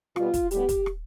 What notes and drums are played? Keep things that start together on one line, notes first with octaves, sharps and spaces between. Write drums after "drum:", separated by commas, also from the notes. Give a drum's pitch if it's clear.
B2 G3 B3 F4, drum: rim click
drum: kick, hi-hat
A2 G3 B3 G4, drum: hi-hat
drum: kick, hi-hat
drum: rim click